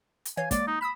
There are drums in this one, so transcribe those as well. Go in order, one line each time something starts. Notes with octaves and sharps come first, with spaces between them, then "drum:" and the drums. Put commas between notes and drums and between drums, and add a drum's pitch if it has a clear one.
drum: hi-hat
E3 C#5 F5 G#5
G#3 A#3 D5, drum: kick, hi-hat
D#4
B5 D#6 E6 E7